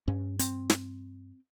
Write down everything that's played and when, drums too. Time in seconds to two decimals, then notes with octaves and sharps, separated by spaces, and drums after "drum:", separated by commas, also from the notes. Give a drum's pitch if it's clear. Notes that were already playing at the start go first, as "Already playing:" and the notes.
0.08 G2 C#4
0.39 C4, drum: hi-hat
0.70 drum: snare